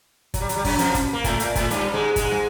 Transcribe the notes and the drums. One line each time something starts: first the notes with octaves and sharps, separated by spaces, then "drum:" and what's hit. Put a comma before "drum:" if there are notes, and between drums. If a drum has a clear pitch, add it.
F#3, drum: kick G1, hi-hat
G3
F#3, drum: hi-hat
G3
F#2 F#3, drum: kick G1, open hi-hat
F2 F3, drum: hi-hat
drum: kick G1, hi-hat
A#3
A2 A3, drum: kick G1, hi-hat
A3
A#2 A#3, drum: hi-hat
A2 A3, drum: kick G1, hi-hat
G2 G3, drum: hi-hat
G#2 G#3
G#2 G#3, drum: kick G1, hi-hat
drum: snare